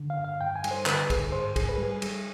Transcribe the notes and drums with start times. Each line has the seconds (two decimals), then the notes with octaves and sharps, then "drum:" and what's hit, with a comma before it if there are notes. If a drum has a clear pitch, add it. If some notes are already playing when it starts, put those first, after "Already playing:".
Already playing: D3
0.10 F5
0.18 G2
0.25 F5
0.41 G2 G5
0.56 G#5
0.64 G3, drum: cymbal
0.71 C5
0.86 D3 B4, drum: clap
1.10 G2 G#4, drum: kick, cymbal
1.32 G#2 C5
1.56 G#2 G#4, drum: kick, cymbal
1.69 B4
1.78 G3 G#4
2.02 G3, drum: cymbal